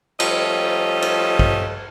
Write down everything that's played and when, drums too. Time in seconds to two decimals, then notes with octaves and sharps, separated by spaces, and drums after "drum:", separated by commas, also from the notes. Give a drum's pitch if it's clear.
0.20 F3 G3 A3 C#4 F4 D#5, drum: cymbal
1.02 drum: cymbal
1.39 drum: kick